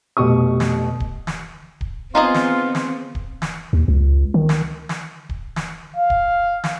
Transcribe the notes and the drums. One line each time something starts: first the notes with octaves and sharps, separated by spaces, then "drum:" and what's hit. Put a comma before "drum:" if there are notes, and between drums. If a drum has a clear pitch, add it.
F1 B2 G4 C#6 D#6
drum: snare
drum: kick D1
drum: snare
drum: kick D1
B3 C4 D#4 F4 G#4 D#5
drum: snare
drum: snare
drum: kick D1
drum: snare
D#2
C#2
D#3
drum: snare
drum: snare
drum: kick D1
drum: snare
F5
drum: kick D1
drum: snare